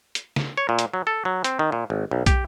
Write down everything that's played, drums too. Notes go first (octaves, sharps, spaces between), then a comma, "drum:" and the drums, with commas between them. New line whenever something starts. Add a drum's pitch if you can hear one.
drum: hi-hat
drum: snare
C#5
A#2
drum: hi-hat
F#3
A4
F#3
C4, drum: hi-hat
D#3
A#2
G#1
B1
G4, drum: kick, hi-hat